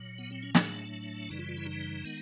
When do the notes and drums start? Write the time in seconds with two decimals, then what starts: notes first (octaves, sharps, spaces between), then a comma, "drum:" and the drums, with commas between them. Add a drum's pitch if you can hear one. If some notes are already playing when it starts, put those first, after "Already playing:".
Already playing: A#2 F#3
0.18 B3
0.31 C4
0.43 C#4
0.55 A2 F#3 A3 D4, drum: snare
1.30 F#2 C#3 E3 G3 D#4
1.38 F4
1.49 F4
1.57 E4
1.66 D#4
2.05 D#3 G#3 B3